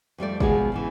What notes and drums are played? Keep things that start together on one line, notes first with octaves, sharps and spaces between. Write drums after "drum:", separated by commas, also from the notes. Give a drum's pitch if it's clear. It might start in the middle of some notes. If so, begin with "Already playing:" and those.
F2 G3 A3 D5
B2 F3 G#3 B3 G#4, drum: kick
E2 C#3 E3